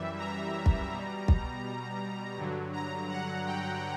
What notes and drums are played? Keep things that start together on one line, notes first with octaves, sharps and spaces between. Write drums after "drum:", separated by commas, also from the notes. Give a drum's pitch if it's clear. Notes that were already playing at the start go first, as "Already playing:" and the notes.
Already playing: F#2 E3 G3 E5
A#5
drum: kick
B2 G3
drum: kick
G2 D3 F#3
A#5
F#5
G5